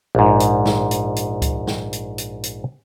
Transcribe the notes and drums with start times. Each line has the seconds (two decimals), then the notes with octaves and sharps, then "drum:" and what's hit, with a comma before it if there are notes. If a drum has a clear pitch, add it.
0.15 A#1 G#2
0.40 drum: hi-hat
0.66 drum: snare
0.91 drum: hi-hat
1.16 drum: hi-hat
1.42 drum: kick C#2, hi-hat
1.67 drum: snare
1.93 drum: hi-hat
2.18 drum: hi-hat
2.44 drum: hi-hat